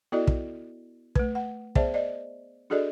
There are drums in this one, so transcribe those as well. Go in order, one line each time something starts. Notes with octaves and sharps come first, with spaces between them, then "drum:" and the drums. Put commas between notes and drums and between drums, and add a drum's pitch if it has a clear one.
B3 E4 F#4 A4 D5 D#5
drum: kick
A3 B4, drum: kick
F#5
B3 G#4 C5 D5 E5 A5, drum: kick
D5 D#5
D4 F#4 G#4 A4 D5 D#5